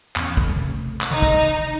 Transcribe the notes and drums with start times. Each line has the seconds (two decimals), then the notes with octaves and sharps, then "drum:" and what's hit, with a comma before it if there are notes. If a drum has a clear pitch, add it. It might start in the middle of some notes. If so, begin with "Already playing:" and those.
0.16 E2 C#4, drum: clap
0.37 drum: kick
0.56 C3 A3
1.01 drum: clap
1.11 C3 D#3 D#4
1.22 drum: kick